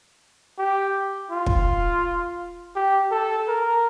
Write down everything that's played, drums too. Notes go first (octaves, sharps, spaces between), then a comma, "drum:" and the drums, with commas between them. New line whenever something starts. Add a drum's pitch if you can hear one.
G4
F4
drum: kick
G4
A4
A#4